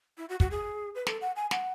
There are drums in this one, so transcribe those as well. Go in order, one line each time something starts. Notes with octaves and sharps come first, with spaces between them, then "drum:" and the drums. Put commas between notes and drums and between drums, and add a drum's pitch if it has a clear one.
E4
F#4
F#4, drum: kick
G#4
B4
A4, drum: snare
F#5
G#5
F#5, drum: snare